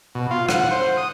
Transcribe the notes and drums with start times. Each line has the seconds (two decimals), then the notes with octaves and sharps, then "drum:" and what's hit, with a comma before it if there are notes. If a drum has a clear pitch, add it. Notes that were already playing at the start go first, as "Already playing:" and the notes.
0.15 B2
0.31 F4
0.49 F#5, drum: rim click
0.71 C5
0.97 D#6